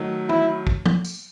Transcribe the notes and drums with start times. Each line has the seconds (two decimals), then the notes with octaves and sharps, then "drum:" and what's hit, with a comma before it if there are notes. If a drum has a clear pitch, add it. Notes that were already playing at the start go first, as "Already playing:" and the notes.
Already playing: D#3 F#3 A3
0.29 E4, drum: tom
0.67 drum: kick
0.86 drum: tom
1.04 drum: tambourine